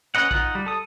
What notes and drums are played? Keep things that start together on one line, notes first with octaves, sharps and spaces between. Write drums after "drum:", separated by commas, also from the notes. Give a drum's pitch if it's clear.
C#4 B4 D#5 F#5
D#4 F4 F#5, drum: kick A#1
G3
A4 D#6